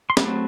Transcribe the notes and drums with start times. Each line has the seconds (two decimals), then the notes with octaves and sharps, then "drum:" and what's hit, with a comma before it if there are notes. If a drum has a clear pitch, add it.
0.10 C6
0.17 F#3 A3 C4 B5, drum: snare